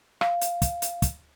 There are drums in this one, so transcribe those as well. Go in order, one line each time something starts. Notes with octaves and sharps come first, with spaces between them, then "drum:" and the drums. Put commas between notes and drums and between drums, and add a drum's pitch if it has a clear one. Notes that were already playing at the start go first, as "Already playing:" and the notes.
F5, drum: rim click
drum: hi-hat
drum: kick, hi-hat
drum: hi-hat
drum: kick, hi-hat